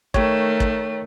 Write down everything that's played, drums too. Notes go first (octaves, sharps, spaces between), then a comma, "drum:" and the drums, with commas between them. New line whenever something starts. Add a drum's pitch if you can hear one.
D#3 A3 C#5 G5, drum: kick
drum: kick